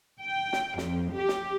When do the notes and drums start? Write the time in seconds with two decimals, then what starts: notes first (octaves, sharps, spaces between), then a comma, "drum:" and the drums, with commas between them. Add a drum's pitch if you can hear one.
0.21 G5
0.53 drum: snare
0.78 F2, drum: snare
1.14 G4
1.28 drum: snare